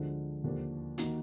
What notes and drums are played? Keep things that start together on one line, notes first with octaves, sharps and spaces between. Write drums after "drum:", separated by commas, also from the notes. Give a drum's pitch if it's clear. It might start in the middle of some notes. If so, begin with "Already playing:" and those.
Already playing: D2 D3 F3 G#3
D#2 D3 F3 A#3 D4
D#3 A#3 D#4 F#4, drum: hi-hat